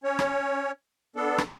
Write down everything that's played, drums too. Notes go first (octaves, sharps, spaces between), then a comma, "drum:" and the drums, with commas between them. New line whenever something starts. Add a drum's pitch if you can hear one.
C#4 C#5
drum: rim click
B3 D4 A4
drum: rim click